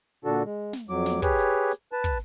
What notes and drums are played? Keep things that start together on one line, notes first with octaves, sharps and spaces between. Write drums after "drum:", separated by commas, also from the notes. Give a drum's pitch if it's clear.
A#2 D3 D4 F#4 A4
G#3
drum: snare
F2 F#3 D6
drum: snare
G4 G#4 B4 C#5, drum: kick
drum: hi-hat
drum: hi-hat
B4 A5
drum: kick, open hi-hat